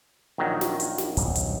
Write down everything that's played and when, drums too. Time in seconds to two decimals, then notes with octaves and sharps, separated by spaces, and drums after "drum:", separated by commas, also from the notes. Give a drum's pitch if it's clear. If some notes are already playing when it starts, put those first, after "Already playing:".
0.38 A#1 D#3 F#3
0.61 drum: snare
0.80 drum: hi-hat
0.98 drum: snare
1.17 D#1 B1 G2, drum: hi-hat
1.35 drum: hi-hat